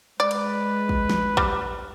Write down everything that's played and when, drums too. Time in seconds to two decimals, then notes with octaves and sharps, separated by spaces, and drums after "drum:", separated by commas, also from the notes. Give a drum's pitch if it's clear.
0.20 G#3 B4 D5
0.31 drum: cymbal
0.89 drum: kick
1.09 drum: snare
1.37 G3, drum: kick